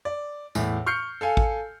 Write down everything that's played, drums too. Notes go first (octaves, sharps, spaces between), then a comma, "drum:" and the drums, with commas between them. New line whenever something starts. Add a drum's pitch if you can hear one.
D5
E2 A2, drum: tambourine
C#6 F6 G6 C7 C#7
A4 F5 G#5
drum: kick A1